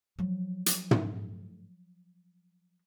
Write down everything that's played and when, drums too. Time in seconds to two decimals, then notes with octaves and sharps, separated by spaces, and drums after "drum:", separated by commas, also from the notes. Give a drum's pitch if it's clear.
0.19 F3 F#3
0.66 drum: hi-hat
0.91 drum: tom